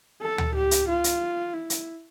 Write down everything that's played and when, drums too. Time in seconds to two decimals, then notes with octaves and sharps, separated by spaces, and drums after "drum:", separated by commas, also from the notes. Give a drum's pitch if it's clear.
0.22 A4
0.38 drum: tom D2
0.55 G4
0.71 drum: hi-hat
0.88 F4
1.04 drum: hi-hat
1.53 E4
1.70 drum: hi-hat